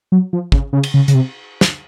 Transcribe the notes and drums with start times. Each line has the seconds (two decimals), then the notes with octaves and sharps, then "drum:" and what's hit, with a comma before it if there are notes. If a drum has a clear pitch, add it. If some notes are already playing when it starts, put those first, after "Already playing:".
0.12 F#3
0.33 F3
0.52 C#3, drum: kick
0.73 C#3
0.83 drum: cymbal
0.94 C#3
1.08 C#3, drum: hi-hat
1.15 C3
1.61 drum: snare